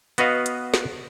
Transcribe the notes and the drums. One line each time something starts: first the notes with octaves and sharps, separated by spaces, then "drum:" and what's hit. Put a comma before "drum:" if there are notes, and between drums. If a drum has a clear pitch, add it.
B3 F#4 B4 D#5 F5, drum: hi-hat
drum: hi-hat
drum: snare